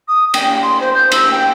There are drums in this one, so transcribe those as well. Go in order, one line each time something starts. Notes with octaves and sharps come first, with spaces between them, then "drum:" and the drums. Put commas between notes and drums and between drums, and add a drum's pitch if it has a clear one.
D#6
G5, drum: cymbal
C6
C5
G6
E6, drum: cymbal
G5